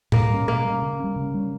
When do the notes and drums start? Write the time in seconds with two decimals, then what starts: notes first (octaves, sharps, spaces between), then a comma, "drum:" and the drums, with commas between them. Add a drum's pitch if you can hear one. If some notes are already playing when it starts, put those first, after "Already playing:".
0.12 B2 A#3, drum: tom A2
0.30 G3 C#4
0.48 B2 A#3
0.64 G3 C#4
0.82 C#3
1.00 G3 C#4
1.16 C#3
1.34 G3 C#4